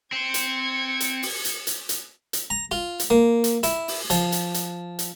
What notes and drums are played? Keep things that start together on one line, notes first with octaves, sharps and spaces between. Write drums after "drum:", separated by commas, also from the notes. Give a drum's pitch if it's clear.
C4 G#6 C#7
drum: hi-hat
drum: hi-hat
drum: open hi-hat
drum: hi-hat
drum: hi-hat
drum: hi-hat
drum: hi-hat
A#5
F4
drum: hi-hat
A#3
drum: hi-hat
E4, drum: hi-hat
drum: open hi-hat
F3, drum: hi-hat
drum: hi-hat
drum: hi-hat
drum: hi-hat